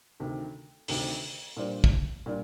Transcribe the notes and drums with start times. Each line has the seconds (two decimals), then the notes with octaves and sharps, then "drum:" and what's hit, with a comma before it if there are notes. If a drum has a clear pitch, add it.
0.20 D2 C3 D#3
0.88 D2 C3 D#3, drum: open hi-hat
1.57 A#2 G3 D4 F4 C5
1.84 drum: kick
2.26 A#2 G3 D4 F4